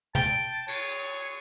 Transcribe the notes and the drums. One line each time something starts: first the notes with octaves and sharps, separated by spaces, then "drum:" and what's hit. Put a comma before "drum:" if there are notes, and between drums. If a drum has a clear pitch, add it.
G5 A5, drum: tom
C#5, drum: cymbal